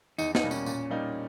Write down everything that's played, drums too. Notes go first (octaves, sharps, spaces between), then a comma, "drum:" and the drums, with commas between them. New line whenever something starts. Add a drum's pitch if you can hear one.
E2 D#4, drum: tambourine
D#4, drum: snare
B2 G3 A#3
C#4, drum: tambourine
A#2, drum: tambourine
G3 A#3 D#4